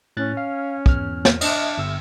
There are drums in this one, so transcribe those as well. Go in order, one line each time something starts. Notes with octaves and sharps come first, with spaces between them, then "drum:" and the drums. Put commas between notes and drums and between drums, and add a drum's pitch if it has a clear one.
A2 C#4 F#6 A6
F5
E2 F6, drum: kick
drum: snare
D4 D#5, drum: cymbal
G1 E6